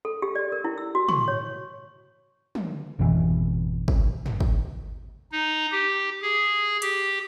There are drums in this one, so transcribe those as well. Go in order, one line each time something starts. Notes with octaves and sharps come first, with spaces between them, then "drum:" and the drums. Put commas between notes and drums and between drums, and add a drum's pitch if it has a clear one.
A4
G4
D5
A#4
E4
E6
F#4
C#6, drum: tom
C#5
drum: tom
G#1 F2 B2 E3
drum: kick
drum: tom
drum: kick
D#4
G4
G#4
G4, drum: hi-hat